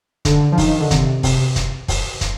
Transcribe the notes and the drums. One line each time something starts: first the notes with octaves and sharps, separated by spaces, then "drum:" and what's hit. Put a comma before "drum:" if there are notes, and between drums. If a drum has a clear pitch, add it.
D3, drum: kick, hi-hat
F3
D#3, drum: kick, open hi-hat
D3
C3, drum: kick, hi-hat
C3, drum: kick, open hi-hat
drum: kick, hi-hat
drum: kick, open hi-hat
drum: kick, hi-hat